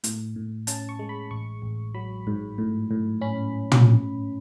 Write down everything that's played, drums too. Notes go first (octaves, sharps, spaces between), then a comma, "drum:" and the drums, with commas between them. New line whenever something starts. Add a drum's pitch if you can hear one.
A2, drum: hi-hat
A2
C#4 A5, drum: hi-hat
C#6
G#3
B5
A1 C#6
A1
F#3 B5
G#2
A2
A2
C#4 B5
drum: tom